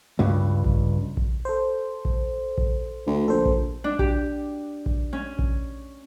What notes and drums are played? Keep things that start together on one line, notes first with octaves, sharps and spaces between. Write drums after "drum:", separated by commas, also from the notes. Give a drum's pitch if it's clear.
C#2 G2
drum: kick A#1
drum: kick A#1
A4 C5
drum: kick A#1
drum: kick A#1
D2
A#1 A4 C5
drum: kick A#1
D4
G4, drum: kick A#1
drum: kick A#1
C#4
drum: kick A#1